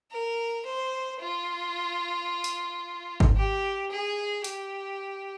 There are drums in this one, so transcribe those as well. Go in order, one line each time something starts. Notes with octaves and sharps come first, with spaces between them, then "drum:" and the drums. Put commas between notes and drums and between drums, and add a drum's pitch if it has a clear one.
A#4
C5
F4
drum: hi-hat
drum: kick G#1
G4
G#4
G4, drum: hi-hat